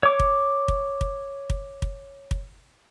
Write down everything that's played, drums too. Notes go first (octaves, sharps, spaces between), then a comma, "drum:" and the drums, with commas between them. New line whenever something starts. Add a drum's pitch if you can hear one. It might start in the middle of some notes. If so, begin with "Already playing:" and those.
C#5 D6
drum: kick
drum: kick
drum: kick
drum: kick
drum: kick
drum: kick